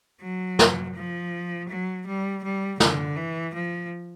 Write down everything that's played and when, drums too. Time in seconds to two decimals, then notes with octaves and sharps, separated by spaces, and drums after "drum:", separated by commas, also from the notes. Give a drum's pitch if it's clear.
0.21 F#3
0.59 drum: snare
0.96 F3
1.69 F#3
2.07 G3
2.44 G3
2.80 D3, drum: snare
3.17 E3
3.55 F3